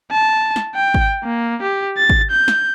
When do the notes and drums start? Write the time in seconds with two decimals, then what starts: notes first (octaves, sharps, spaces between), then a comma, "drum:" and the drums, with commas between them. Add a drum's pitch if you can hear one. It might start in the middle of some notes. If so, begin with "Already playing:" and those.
0.11 A5
0.56 drum: snare
0.75 G5
0.94 drum: kick G#1
1.24 A#3
1.62 G4
1.97 A6
2.10 drum: kick G#1
2.31 G6
2.48 drum: snare